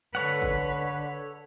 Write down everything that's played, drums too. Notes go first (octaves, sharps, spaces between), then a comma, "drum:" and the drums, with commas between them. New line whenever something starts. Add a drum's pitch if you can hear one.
D3 A4 B4 C#5 F#5
drum: kick